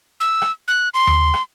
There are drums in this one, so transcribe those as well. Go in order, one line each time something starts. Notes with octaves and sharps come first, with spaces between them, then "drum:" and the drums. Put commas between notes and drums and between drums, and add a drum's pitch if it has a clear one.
E6
drum: rim click
F#6
C6
drum: tom D#2
drum: rim click